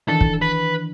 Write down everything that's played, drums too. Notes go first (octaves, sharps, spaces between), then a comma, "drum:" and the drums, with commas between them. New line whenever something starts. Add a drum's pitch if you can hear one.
D#3 E3 D4 A4
drum: kick
B4